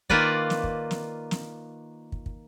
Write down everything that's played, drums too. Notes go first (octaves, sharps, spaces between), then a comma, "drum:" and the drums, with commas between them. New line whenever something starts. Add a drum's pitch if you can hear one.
D#3 A#3 F4 B4 D5, drum: kick
drum: snare
drum: kick
drum: snare
drum: snare
drum: kick
drum: kick